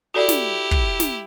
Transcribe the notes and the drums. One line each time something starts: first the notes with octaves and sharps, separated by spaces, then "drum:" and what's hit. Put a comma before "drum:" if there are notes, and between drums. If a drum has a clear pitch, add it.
E4 F#4 G4 A4 D5
drum: snare
drum: kick
drum: snare